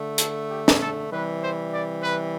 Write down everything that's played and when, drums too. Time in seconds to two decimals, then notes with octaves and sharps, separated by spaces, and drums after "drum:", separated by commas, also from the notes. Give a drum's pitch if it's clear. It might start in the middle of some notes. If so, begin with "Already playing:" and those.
Already playing: D3 A3
0.18 A4, drum: hi-hat
0.50 G4
0.68 drum: snare
0.80 A4
1.11 C3 E3 G3 B4
1.42 C5
1.73 D5
2.03 B4